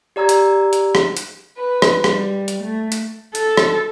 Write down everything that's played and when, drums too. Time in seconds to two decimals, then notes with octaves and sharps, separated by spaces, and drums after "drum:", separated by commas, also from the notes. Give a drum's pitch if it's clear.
0.16 G4 D5 A#5 E6 G#6
0.29 drum: hi-hat
0.73 drum: hi-hat
0.95 drum: rim click
1.17 drum: hi-hat
1.56 B4
1.82 drum: rim click
2.04 G3, drum: rim click
2.48 drum: hi-hat
2.63 A3
2.92 drum: hi-hat
3.35 A4, drum: hi-hat
3.57 drum: rim click